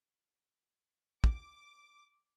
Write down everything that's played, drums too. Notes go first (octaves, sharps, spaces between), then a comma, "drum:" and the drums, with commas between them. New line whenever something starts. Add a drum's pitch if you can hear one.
D6, drum: kick